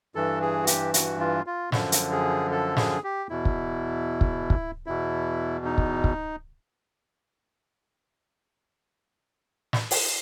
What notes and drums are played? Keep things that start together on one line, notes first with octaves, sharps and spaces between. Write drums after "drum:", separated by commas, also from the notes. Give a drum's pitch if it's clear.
G2 E3 A4
G#4
F#4
G4, drum: hi-hat
F#4, drum: hi-hat
F4
F4
F#2 D3 F3, drum: snare
drum: hi-hat
G#4
A4
G#4, drum: snare
G4
E2 B2 E4
drum: kick
drum: kick
drum: kick
E2 B2 E4
D#4
drum: kick
drum: kick
drum: snare
drum: open hi-hat